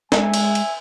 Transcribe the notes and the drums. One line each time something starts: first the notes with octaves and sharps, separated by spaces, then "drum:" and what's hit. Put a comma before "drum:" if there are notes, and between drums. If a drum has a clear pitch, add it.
G#3 E5 G#5, drum: snare
drum: cymbal
drum: cymbal